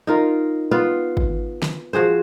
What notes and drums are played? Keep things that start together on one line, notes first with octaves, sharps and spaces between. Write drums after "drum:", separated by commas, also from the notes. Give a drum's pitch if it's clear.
D#4 F4 A#4
B3 F4
drum: kick
drum: snare
F3 F#4 G#4 C5